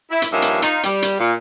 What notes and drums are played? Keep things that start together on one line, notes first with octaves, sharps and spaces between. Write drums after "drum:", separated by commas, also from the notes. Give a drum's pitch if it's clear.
E4
drum: hi-hat
G2 F3 A#3 C#4 D#4 E5
drum: hi-hat
D#4 F4, drum: hi-hat
G3, drum: hi-hat
drum: hi-hat
A#2